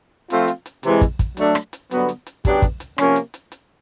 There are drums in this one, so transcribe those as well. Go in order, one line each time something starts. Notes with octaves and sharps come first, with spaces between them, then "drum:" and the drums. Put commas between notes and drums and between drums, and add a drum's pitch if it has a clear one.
F3 A3 C4 F4, drum: hi-hat
drum: hi-hat
drum: hi-hat
C3 E3 G#3, drum: hi-hat
drum: kick, hi-hat
drum: kick, hi-hat
F#3 A3 D4, drum: hi-hat
drum: rim click
drum: hi-hat
G2 D3 F#3 B3, drum: hi-hat
drum: hi-hat
drum: hi-hat
C#3 F#3 B3 D4 G4, drum: kick, hi-hat
drum: kick, hi-hat
drum: hi-hat
C3 F3 A#3 C#4, drum: rim click
drum: hi-hat
drum: hi-hat
drum: hi-hat